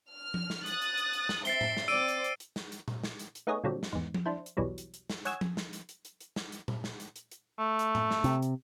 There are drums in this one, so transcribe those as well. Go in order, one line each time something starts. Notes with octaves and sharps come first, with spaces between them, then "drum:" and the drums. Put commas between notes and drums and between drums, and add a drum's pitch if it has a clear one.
F6
drum: tom F3
drum: snare
D#6 F#6 A6, drum: hi-hat
drum: hi-hat
drum: hi-hat
drum: hi-hat
drum: snare
C4 E5 A6 C7 D7 G7, drum: hi-hat
drum: tom A2
drum: snare
C4 D5 D6 E6 D7 D#7
drum: hi-hat
drum: hi-hat
drum: hi-hat
drum: snare
drum: hi-hat
drum: tom A#2
drum: snare
drum: hi-hat
drum: hi-hat
A3 B3 D#4 G#4 C#5 D#5
A#2 D3 F#3 G3 C4
drum: snare
E2 G#2
drum: tom F3
D4 E4 C5
drum: hi-hat
B1 E2 E3 F#3 G3
drum: hi-hat
drum: hi-hat
drum: snare
C#5 F#5 G#5 D#6 E6 G#6, drum: hi-hat
drum: tom F3
drum: snare
drum: hi-hat
drum: hi-hat
drum: hi-hat
drum: hi-hat
drum: snare
drum: hi-hat
drum: tom A#2
drum: snare
drum: hi-hat
drum: hi-hat
drum: hi-hat
A3
drum: hi-hat
drum: tom A2
drum: snare
C3, drum: hi-hat
drum: hi-hat